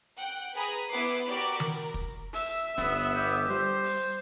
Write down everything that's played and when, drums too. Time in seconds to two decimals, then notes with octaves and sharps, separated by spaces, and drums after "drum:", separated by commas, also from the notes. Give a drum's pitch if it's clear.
0.17 F#5 G5 F#6
0.55 G#4 B4 A#5 B5 D#6
0.89 B3 E4 B4 F#5 D6 C7
1.27 F#4 G4 A#4 D5 B5 D6
1.60 A#4, drum: tom D#3
1.94 drum: kick
2.33 E5 E6, drum: open hi-hat
2.78 G1 B3, drum: snare
3.15 G4
3.50 G3 C5
3.84 drum: open hi-hat